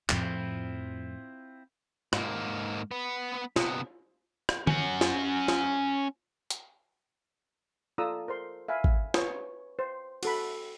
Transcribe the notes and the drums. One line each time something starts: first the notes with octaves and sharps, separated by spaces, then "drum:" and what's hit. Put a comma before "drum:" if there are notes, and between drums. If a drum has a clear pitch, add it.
F2 A2 F3 C4 E4 F4, drum: clap
G#2 A#3, drum: rim click
B3 B4
C3 B3, drum: snare
drum: rim click
C#4 F#5, drum: tom
drum: snare
drum: snare
drum: hi-hat
F4 A4 D5 A#5 D#6 E6
A#4 C5 C6
E5 F5 G#5 B5
drum: kick G#1
B4 C#5, drum: snare
C5
F#4 A4 B5, drum: cymbal